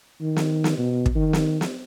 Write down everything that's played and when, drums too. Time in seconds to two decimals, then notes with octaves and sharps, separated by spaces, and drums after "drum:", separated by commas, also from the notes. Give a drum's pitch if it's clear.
0.21 D#3
0.36 drum: snare
0.64 drum: snare
0.78 B2
1.06 drum: kick
1.16 D#3
1.33 drum: snare
1.61 drum: snare